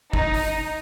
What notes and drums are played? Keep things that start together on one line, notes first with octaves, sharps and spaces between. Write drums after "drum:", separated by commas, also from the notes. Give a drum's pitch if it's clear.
D#4, drum: kick
drum: open hi-hat